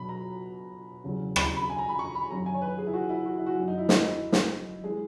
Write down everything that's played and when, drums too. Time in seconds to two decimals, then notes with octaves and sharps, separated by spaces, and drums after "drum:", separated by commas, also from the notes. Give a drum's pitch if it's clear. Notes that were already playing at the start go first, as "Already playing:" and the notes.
Already playing: B2 F#3 B5
0.09 A#5
1.04 E2 C#3 F#3
1.36 B5, drum: rim click
1.46 A#5
1.57 B5
1.70 G#5
1.79 A#5
1.89 B5
1.99 C#6
2.15 B5
2.31 F#2 D#3 F#3 A#5
2.46 G#5
2.54 C#5
2.62 B4
2.78 G#4
2.87 E4
2.94 F#4
3.09 E4
3.26 F#4
3.38 E4
3.46 F#4
3.57 F#2 D#3 F#3
3.68 D#4
3.78 E4
3.89 D#4, drum: snare
4.04 E4
4.32 drum: snare
4.84 E3 G#3 G#4